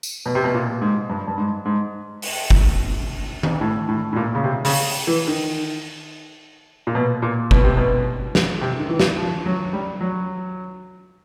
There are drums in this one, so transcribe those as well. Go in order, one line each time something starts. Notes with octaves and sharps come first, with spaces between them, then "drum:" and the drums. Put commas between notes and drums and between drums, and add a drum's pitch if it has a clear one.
drum: tambourine
B2
C3
B2
A#2
G#2
G2
G2
G#2
G#2
drum: open hi-hat
drum: kick
drum: tom D#3
A2
A2
A2
A#2
C#3
C3
C#3, drum: open hi-hat
E3
D#3
A#2
B2
A#2
B2, drum: kick
C3
B2
drum: snare
C3
D#3
E3
drum: snare
F3
F#3
G3
F#3